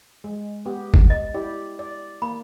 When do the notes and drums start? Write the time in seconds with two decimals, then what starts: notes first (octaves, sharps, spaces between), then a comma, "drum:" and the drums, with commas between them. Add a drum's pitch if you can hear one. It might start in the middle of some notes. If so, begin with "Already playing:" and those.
0.24 G#3
0.66 B3 G4
0.94 drum: kick G1
1.10 D#5
1.34 E4 G4 D5
1.79 D5
2.22 A#3 B5